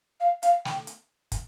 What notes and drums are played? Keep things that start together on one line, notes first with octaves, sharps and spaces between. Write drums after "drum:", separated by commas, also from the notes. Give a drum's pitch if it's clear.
F5
F5, drum: hi-hat
G5, drum: snare
drum: hi-hat
drum: kick, hi-hat